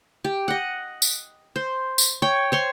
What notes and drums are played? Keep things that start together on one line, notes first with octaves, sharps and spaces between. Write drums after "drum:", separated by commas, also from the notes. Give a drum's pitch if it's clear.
G4
D#5 F#5
drum: tambourine
C5
drum: tambourine
C#5 G5
C5 C#5 C6